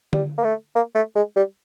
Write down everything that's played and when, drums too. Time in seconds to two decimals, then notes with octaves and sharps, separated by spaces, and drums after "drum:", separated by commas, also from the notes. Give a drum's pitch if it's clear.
0.13 G3, drum: tom D3
0.38 A#3
0.44 A3
0.75 A#3
0.95 A3
1.16 G#3
1.36 G3